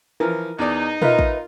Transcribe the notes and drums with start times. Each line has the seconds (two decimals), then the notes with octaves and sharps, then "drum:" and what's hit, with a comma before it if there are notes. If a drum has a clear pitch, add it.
0.20 E3 F3 A#4
0.59 E2 D#4 D5
1.02 F4 A#4 B4 D#5 E5, drum: tom
1.19 drum: kick